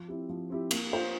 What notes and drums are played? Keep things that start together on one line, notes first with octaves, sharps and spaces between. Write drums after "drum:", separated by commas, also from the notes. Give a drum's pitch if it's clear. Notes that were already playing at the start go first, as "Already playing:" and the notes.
Already playing: F3
C4 E4 G4
F3
C4 E4 G4
A#3, drum: cymbal
F4 C5